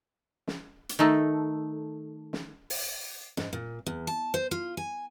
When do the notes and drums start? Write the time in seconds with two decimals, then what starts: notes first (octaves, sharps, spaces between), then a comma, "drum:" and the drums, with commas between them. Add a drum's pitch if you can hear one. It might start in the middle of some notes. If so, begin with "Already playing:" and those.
0.48 drum: snare
0.89 drum: hi-hat
0.99 D#3 A3 D#4 A4
2.33 drum: snare
2.70 drum: open hi-hat
3.37 G#2, drum: snare
3.53 A#2
3.86 E2
4.07 A5
4.34 C5
4.51 F4
4.77 G#5